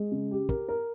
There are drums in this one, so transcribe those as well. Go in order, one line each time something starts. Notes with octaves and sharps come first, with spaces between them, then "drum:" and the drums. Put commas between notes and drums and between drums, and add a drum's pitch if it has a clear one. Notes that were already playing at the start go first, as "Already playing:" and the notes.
Already playing: G#3
C#3
G4
A#4, drum: kick
A#4